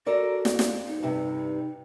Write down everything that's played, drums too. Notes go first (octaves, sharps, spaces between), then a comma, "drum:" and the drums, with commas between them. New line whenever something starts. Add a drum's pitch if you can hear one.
F#4 A4 A#4 D5
F2, drum: snare
drum: snare
D#4
G2 C3